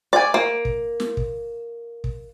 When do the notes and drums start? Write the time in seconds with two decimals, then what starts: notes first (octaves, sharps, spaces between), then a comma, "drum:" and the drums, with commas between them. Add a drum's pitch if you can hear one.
0.13 D5 G#5
0.34 A#3
0.65 drum: kick
1.00 drum: snare
1.17 drum: kick
2.04 drum: kick